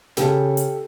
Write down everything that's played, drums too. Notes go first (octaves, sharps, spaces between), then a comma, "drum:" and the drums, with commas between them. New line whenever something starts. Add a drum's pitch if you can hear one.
C#3 G4 A4, drum: snare
drum: hi-hat